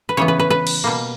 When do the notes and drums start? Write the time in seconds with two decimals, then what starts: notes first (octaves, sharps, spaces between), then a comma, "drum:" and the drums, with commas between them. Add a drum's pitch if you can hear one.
0.09 B4
0.17 C#3 E3 B3 C#5
0.28 B4
0.40 B4
0.50 B4
0.67 drum: cymbal
0.84 B2 G3 A#3